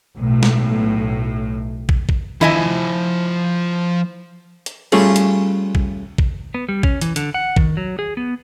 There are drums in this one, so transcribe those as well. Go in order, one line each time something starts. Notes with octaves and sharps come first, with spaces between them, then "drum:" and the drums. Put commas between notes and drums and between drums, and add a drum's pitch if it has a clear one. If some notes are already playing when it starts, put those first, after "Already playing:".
B1 A2
drum: snare
drum: kick
drum: kick
F3 E4 D#5 E5 G#5, drum: tom D#3
drum: hi-hat
G3 A3 C#4 F4 G#4 A4, drum: cymbal
drum: hi-hat
drum: kick
drum: kick
B3
G3
C#4, drum: kick
E3, drum: hi-hat
D3, drum: hi-hat
F#5
D#3, drum: kick
F#3
G#4
B3